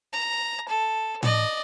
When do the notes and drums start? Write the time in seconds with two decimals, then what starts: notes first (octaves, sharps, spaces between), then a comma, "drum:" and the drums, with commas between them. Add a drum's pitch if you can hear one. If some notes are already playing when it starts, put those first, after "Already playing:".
0.13 A#5
0.68 A4
1.23 D5 D#5, drum: tom A2